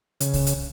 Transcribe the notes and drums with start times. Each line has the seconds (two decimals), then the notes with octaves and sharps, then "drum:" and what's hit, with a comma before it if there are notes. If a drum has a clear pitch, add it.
0.20 C#3, drum: hi-hat
0.33 drum: kick C2, open hi-hat
0.47 drum: hi-hat